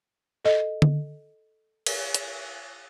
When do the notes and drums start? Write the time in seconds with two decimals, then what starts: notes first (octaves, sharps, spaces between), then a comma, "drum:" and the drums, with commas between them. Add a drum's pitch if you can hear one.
0.45 A4 D#5
0.82 drum: tom D3
1.86 drum: cymbal
2.14 drum: hi-hat